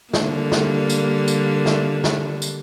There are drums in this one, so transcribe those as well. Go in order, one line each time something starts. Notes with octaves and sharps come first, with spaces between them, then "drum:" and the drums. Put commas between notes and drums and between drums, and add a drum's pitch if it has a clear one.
D3 G3 A#3, drum: snare
drum: snare
drum: tambourine
drum: tambourine
drum: snare
drum: snare
drum: tambourine